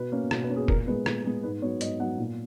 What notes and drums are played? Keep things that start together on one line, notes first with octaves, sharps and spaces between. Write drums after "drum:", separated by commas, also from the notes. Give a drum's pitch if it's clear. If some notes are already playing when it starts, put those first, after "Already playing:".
Already playing: B2 B4
A#3 C#4
B2, drum: rim click
B4
A#3 C#4
G#4
A#2 A#4, drum: kick F1
G#3 B3 B4
A#2, drum: rim click
G#3 B3
G#2 B4
F#3 B3 C#5
G#2 D#5, drum: hi-hat
F#3 B3 F#5
A#2